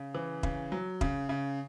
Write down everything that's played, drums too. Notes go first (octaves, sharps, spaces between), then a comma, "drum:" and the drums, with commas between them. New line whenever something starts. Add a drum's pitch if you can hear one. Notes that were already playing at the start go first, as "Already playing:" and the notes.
Already playing: C#3
E3
C#3, drum: kick
F#3
C#3, drum: kick
C#3